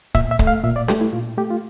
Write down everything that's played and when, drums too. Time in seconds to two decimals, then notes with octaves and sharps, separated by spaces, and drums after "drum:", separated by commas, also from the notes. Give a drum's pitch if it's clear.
0.14 A#2 E5, drum: kick C#1
0.31 E5
0.39 A3, drum: kick C#1
0.47 F5
0.64 A#2 E5
0.76 D5
0.88 A3 G4, drum: snare
1.01 E4
1.13 A#2 F4
1.37 A3 G4
1.50 F4